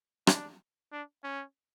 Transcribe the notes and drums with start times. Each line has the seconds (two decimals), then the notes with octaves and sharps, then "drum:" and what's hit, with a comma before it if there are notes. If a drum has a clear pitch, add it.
0.27 D4, drum: rim click
0.92 D4
1.24 C#4